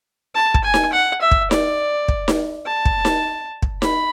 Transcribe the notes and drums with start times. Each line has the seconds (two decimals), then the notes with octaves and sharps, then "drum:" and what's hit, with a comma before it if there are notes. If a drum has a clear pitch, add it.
0.35 A5
0.54 drum: kick
0.64 G#5
0.74 drum: snare D#4
0.93 F#5
1.22 E5
1.31 drum: kick
1.51 D5, drum: snare D#4
2.08 drum: kick
2.28 drum: snare D#4
2.66 A5
2.85 drum: kick
3.05 drum: snare D#4
3.62 drum: kick
3.82 B5, drum: snare D#4